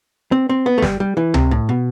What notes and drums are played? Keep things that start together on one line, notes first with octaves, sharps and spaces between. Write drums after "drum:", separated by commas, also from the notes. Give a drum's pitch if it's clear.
C4
C4
B3
A3
G3, drum: snare
G3
E3
C3, drum: tom C#2
A2
B2